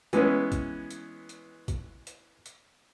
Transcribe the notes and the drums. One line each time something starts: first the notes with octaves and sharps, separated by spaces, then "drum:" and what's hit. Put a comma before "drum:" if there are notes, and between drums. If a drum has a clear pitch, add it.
E3 G#3 B3 C#4, drum: hi-hat
drum: kick A1, hi-hat
drum: hi-hat
drum: hi-hat
drum: kick A1, hi-hat
drum: hi-hat
drum: hi-hat